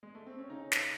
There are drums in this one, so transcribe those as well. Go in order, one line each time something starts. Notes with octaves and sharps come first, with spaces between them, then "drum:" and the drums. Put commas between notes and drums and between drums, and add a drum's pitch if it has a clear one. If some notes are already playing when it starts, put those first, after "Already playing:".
G#3
A3
C4
C#4
C#3 D#4
drum: snare